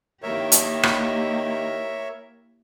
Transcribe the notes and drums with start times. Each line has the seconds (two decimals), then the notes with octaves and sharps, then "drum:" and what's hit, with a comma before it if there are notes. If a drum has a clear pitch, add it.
0.23 D#3 A#3 E4 G4 A#4 C#5 E5
0.52 drum: hi-hat
0.83 drum: rim click